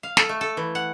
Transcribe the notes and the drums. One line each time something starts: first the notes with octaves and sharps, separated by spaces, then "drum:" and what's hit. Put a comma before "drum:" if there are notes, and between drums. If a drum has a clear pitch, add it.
F5
A4, drum: snare
A3
A4
E3
F#5